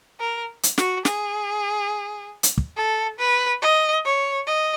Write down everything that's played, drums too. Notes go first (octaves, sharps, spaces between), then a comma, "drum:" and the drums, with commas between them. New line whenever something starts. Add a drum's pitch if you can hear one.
A#4
drum: hi-hat
F#4, drum: snare
G#4, drum: snare
drum: hi-hat
drum: kick
A4
B4
D#5
C#5
D#5